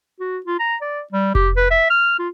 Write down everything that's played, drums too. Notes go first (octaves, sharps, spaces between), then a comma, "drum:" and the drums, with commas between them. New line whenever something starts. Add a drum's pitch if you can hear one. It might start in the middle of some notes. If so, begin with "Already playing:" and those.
F#4
F4
A#5
D5
G3
G4, drum: kick F1
B4
E5
F6
F4